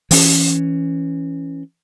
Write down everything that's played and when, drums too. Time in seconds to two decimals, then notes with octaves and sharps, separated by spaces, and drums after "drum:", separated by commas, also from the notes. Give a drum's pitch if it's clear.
0.11 E3 C#4, drum: open hi-hat